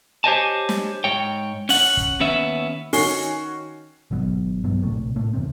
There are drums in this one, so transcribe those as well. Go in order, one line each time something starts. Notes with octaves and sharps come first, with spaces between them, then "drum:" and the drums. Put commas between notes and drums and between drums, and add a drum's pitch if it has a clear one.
G4 C5 C#5 D#5 G#5 A5
drum: snare
G#2 C#5 G5
C#4 F#5, drum: open hi-hat
drum: kick
D#2 B3 C#4 E5
D#3 C#4 F#4 G#5 C7 G7, drum: open hi-hat
G#1 B2 F#3 B3
G2 B2 F#3 B3
D1 A#1 C3 A3
A2 A3 A#3
E2 C3 C4